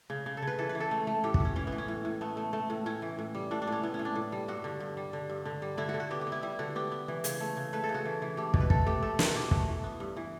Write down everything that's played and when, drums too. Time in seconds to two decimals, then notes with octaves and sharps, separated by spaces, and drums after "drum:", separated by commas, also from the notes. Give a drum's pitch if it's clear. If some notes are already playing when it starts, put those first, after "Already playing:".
0.10 C#3
0.26 C#3
0.37 A4
0.42 C#3
0.47 B4
0.59 E3 A4
0.69 B4
0.75 E3
0.80 A4
0.91 A3
1.07 A3
1.24 A2 G4
1.34 F#4, drum: kick
1.40 A2 C#4
1.56 E3 C#4
1.67 B3
1.72 E3
1.78 C#4
1.88 A2
2.05 A2
2.21 A3 B3
2.37 A3
2.53 A3
2.70 A2
2.86 A2 C#4
3.02 E3
3.19 A2
3.35 G3
3.51 A2 D4
3.62 D4
3.67 A2 C#4
3.83 A2 B3
3.94 C#4
3.99 A2
4.05 D4
4.15 A2
4.32 G3
4.48 G2 F#4
4.64 D3
4.80 G2
4.97 G3
5.13 D3
5.30 G2
5.45 D3
5.62 G3
5.77 D3 E4
5.89 F#4
5.94 D3
6.00 F#4
6.11 B3 G4
6.21 G4
6.27 B3
6.32 E4
6.43 G3 E4
6.59 D3 F#4
6.76 B3 G4
6.92 B3
7.08 E3
7.24 C#3, drum: hi-hat
7.40 A3
7.57 C#3
7.73 A3 B4
7.84 A4
7.89 C#3
7.94 F#4
8.05 E3
8.22 E3
8.37 A3 G4
8.54 B2, drum: kick
8.60 B4
8.70 A3 A4, drum: kick
8.86 A3 G4
9.03 A3 A4
9.19 B2, drum: snare
9.27 F#4
9.35 B2 G4
9.51 A3 F#4, drum: kick
9.68 E3
9.84 B3
10.00 G2
10.17 E3